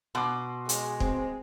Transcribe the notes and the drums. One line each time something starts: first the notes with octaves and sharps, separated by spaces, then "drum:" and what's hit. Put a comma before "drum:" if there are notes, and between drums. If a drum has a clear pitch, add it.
B2 C6 D6
G#3, drum: hi-hat
C4, drum: kick